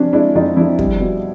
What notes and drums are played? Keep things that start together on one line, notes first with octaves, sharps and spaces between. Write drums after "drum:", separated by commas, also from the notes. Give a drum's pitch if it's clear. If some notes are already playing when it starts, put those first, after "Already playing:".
Already playing: C3 F3 C#4 D4
G#3 D4 E4
F2 D#4 F4
F3 D4 E4
G3, drum: kick
B2